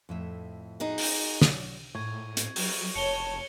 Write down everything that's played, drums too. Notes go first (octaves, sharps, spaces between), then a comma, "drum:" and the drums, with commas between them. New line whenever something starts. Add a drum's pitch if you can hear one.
F2 A2 E5
D#4 F#4 G#4
drum: open hi-hat
F#3 D5, drum: snare
A2 C#6 G#6
drum: hi-hat
F#3, drum: open hi-hat
F1 C#5 A5 C#7 F7 G7